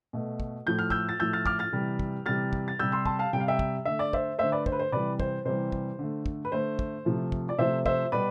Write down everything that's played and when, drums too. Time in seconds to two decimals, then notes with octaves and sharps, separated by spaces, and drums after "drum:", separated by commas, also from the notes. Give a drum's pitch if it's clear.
0.13 B2 A3
0.40 drum: kick
0.66 A2 F3 A3 G6
0.79 F6
0.90 E6 G6, drum: kick
1.09 A6
1.19 A2 F3 A3 E6 G6
1.33 F6 A6
1.46 D6 F6, drum: kick
1.59 F6 A6
1.73 C3 E3 G3
1.99 drum: kick
2.26 C3 E3 G3 F6 A6
2.53 drum: kick
2.68 A6
2.79 C3 G3 E6 G6
2.92 C6 E6
3.06 A5 C6, drum: kick
3.19 F5 A5
3.33 C3 G3 G5
3.40 F5
3.48 E5 G5
3.59 drum: kick
3.85 D3 A3 E5
3.99 D5
4.13 C5 E5, drum: kick
4.39 D3 A3 C5 E5
4.52 B4 D5
4.66 C5, drum: kick
4.72 B4
4.79 C5
4.92 C3 E3 G3 B4 D5
5.20 C5, drum: kick
5.45 C3 E3 G3 C5
5.72 drum: kick
5.99 D3 A3
6.26 drum: kick
6.45 B4
6.52 D3 A3 C5
6.79 drum: kick
7.05 C3 F3 A3
7.32 drum: kick
7.49 D5
7.58 C3 F3 A3 C5 E5
7.86 C5 E5, drum: kick
8.12 B2 G3 B4 D5